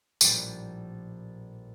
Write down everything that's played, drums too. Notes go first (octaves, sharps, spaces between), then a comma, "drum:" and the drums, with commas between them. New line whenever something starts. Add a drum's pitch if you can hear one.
A#1 A2 G3 A6, drum: tambourine